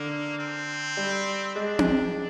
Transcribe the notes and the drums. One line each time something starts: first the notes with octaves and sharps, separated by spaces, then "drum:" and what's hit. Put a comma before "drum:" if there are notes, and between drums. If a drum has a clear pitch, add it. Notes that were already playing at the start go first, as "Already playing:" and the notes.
Already playing: D3 A#3
C4
G3
G#3 D4
drum: tom C4